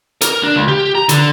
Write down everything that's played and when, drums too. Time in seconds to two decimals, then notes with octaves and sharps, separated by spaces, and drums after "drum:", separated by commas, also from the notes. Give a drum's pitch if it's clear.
0.21 A#4, drum: hi-hat
0.43 D4
0.55 C#2
0.68 G4
0.95 A#5
1.09 D3, drum: hi-hat